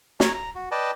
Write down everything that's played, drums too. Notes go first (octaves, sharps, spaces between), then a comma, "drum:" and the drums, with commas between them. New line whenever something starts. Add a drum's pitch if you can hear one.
C#5 A#5, drum: snare
A#5
F#4
B4 D5 D#5 G5 A5